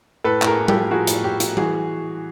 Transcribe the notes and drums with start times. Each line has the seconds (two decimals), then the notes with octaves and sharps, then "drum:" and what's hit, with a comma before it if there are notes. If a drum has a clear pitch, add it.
0.24 A2 A4 B4
0.42 A2, drum: clap
0.47 G#4 A#4
0.58 A2
0.68 G4 A4, drum: tom G3
0.74 F3
0.91 F3 F#4 G#4
1.07 A2, drum: hi-hat
1.24 A2 G4
1.40 F3, drum: hi-hat
1.57 E3 F#4 G#4, drum: tom G3